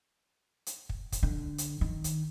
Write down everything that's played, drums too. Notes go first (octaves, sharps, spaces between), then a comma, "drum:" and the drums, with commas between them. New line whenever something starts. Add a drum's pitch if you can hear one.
drum: hi-hat
drum: kick
drum: kick, hi-hat
D3
drum: hi-hat
D#3
drum: hi-hat